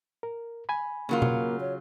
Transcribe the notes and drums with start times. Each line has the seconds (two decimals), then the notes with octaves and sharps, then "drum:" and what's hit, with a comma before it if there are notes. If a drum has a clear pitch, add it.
0.23 A#4
0.69 G#5 B5
1.09 C#3 F#3 A#3 F4
1.22 drum: tom B2
1.60 C#5